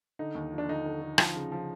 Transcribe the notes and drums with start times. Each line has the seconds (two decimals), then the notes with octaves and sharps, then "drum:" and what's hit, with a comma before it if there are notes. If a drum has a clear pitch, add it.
0.19 D3 D#4
0.35 D#2
0.52 F3
0.58 D4
0.68 D3 D#4
0.85 D3
1.02 D3
1.18 F3, drum: rim click
1.36 C#3
1.52 F3